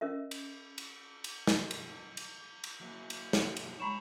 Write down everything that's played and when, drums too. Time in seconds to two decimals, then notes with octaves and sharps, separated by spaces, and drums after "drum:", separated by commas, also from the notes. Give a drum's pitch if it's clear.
0.01 C#4 A#4 D#5 E5
0.31 drum: cymbal
0.78 drum: cymbal
1.24 drum: cymbal
1.47 drum: snare
1.71 drum: cymbal
2.17 drum: cymbal
2.64 drum: cymbal
2.81 F#3 A#3
3.10 drum: cymbal
3.33 drum: snare
3.57 drum: cymbal
3.80 G#3 C#5 A#5 B5 C#6 E7